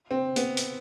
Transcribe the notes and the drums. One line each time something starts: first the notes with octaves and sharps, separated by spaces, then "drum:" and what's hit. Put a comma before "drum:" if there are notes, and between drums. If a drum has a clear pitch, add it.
C4
B3, drum: hi-hat
drum: hi-hat